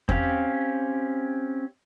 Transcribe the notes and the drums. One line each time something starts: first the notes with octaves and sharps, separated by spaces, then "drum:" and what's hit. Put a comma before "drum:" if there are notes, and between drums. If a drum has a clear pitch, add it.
C4 C#4 G4 F5, drum: kick E2